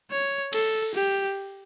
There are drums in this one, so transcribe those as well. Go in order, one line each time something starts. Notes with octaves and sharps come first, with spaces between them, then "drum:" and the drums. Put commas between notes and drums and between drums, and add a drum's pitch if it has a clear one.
C#5
A4, drum: cymbal
G4